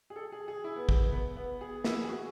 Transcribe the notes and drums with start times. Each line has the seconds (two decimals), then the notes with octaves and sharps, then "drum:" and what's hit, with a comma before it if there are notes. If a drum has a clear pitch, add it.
0.10 G#4
0.16 A4
0.32 G#4
0.48 G#4
0.64 E4
0.76 B3
0.89 B3, drum: kick
1.00 B3
1.12 B3
1.37 B3
1.61 G#4
1.84 E4, drum: snare
2.04 G#4
2.09 F#4